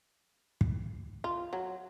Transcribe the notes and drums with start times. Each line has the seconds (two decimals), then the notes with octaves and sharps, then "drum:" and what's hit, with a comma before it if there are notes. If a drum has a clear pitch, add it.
0.61 drum: kick
1.24 F4
1.53 F#3